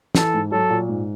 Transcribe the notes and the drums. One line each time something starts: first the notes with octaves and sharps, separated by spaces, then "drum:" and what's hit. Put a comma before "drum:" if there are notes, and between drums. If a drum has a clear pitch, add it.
E3 A4, drum: snare
G#2
F#3 A4
A#2
G#2